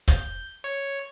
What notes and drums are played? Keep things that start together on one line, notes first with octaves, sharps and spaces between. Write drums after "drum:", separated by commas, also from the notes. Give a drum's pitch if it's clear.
G6, drum: kick, hi-hat
C#5